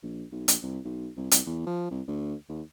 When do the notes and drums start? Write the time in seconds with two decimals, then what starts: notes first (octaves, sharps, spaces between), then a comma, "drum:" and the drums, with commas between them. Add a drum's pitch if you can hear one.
0.03 A#1
0.32 B1
0.48 A#1, drum: hi-hat
0.63 C2
0.85 B1
1.17 C2
1.31 C2, drum: hi-hat
1.46 E2
1.67 F3
1.91 C2
2.08 D2
2.49 D#2